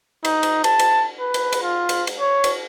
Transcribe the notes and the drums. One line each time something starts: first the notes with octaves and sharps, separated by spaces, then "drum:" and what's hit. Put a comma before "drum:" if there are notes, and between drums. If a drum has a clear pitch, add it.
D#4, drum: cymbal
drum: cymbal
A5, drum: cymbal
drum: cymbal
B4
drum: cymbal
drum: cymbal
F4
drum: cymbal
drum: cymbal
C#5
drum: cymbal